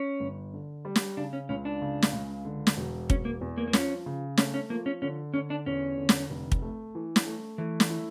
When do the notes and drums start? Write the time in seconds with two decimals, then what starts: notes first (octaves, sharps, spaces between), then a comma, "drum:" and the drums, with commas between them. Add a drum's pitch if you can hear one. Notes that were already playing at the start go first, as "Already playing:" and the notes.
Already playing: C#4
0.20 G1
0.53 D3
0.85 G3
0.96 drum: snare
1.17 C#3 D4
1.33 C#4
1.49 C#2 C#4
1.65 D4
1.82 C#3
2.02 drum: snare
2.13 C#2
2.45 D3
2.67 drum: snare
2.77 E1
3.10 E1 C#4, drum: kick
3.25 A#3
3.41 E2
3.58 A#3
3.68 A#3
3.73 F3 C#4, drum: snare
4.06 C#3
4.37 A3 C#4, drum: snare
4.54 C#4
4.70 F3 A#3
4.86 C#4
5.02 D3 C#4
5.34 D3 C#4
5.50 D4
5.66 E2 C#4
5.98 D3
6.09 drum: snare
6.30 F1
6.52 drum: kick
6.62 A3
6.95 E3
7.16 drum: snare
7.26 A3
7.58 E3 A3
7.80 drum: snare
7.90 E4